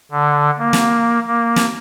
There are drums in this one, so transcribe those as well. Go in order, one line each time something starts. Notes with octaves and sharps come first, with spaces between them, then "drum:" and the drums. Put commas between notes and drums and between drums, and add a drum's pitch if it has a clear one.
D3
A#3
drum: snare
A#3
drum: snare